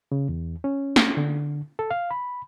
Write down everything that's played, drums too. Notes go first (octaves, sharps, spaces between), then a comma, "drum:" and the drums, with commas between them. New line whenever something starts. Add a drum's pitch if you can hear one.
C#3
E2
C#4
drum: snare
D3
A4
F5
B5